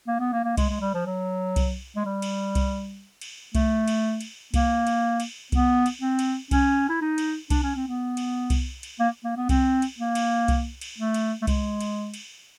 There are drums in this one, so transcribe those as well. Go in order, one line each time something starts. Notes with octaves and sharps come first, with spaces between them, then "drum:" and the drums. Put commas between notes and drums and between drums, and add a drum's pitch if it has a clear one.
A#3
B3
A#3
A#3
G#3, drum: kick C2, cymbal
G#3
G3
F3
F#3
drum: kick C2, cymbal
G#3
G3
drum: cymbal
drum: kick C2, cymbal
drum: cymbal
A3, drum: kick C2, cymbal
drum: cymbal
drum: cymbal
A#3, drum: kick C2, cymbal
drum: cymbal
drum: cymbal
B3, drum: kick C2, cymbal
drum: cymbal
C4
drum: cymbal
C#4, drum: kick C2, cymbal
E4
D#4
drum: cymbal
D4, drum: kick C2, cymbal
C#4
C4
B3
drum: cymbal
drum: kick C2, cymbal
drum: cymbal
A#3
A#3
B3
C4, drum: kick C2, cymbal
drum: cymbal
A#3
drum: cymbal
drum: kick C2, cymbal
drum: cymbal
A3
drum: cymbal
A3
G#3, drum: kick C2, cymbal
drum: cymbal
drum: cymbal